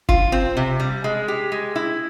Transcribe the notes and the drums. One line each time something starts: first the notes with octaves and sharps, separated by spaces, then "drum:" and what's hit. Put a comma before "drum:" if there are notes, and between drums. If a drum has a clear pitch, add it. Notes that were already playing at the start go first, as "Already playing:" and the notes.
F4, drum: kick
C4
C3
G3
G#3
G4
G#3
E4